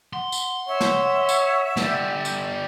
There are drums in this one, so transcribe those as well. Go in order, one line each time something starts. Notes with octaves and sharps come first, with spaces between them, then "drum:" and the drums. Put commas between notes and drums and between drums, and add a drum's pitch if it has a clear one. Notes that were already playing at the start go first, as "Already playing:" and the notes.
F#5 C6
drum: tambourine
C#5 E5
drum: snare
drum: tambourine
D3 G3, drum: snare
drum: tambourine